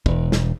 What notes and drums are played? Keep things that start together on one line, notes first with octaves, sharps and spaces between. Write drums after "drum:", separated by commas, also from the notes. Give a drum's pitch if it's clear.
E1, drum: kick
drum: snare